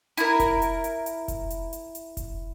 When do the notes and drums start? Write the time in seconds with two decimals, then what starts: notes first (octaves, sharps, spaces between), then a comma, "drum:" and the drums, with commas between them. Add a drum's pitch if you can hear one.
0.17 E4 A#4, drum: hi-hat
0.40 drum: kick F1, hi-hat
0.62 drum: hi-hat
0.84 drum: hi-hat
1.06 drum: hi-hat
1.28 drum: kick F1, hi-hat
1.50 drum: hi-hat
1.73 drum: hi-hat
1.95 drum: hi-hat
2.17 drum: kick F1, hi-hat